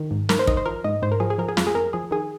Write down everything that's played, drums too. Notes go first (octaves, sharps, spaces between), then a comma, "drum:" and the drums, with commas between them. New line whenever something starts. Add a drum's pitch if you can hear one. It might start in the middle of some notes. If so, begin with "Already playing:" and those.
Already playing: D#3
G#2
G#2 A#4, drum: snare
C5
D#3 D#5, drum: kick
C5
F3 A#4
G#2 D#5
G#2 C5
A#4
F3 G#4
G#4
F3 A#4
G#4
F2 F4, drum: snare
G#4
F2 A#4
F3 G#4
D#3 G#4